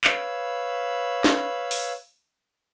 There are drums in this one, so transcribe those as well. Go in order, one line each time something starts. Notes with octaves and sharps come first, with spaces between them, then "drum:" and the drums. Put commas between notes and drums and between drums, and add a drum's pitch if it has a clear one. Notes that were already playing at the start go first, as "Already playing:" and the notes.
B4 C#5 F5 B5 E6, drum: clap
drum: snare
drum: open hi-hat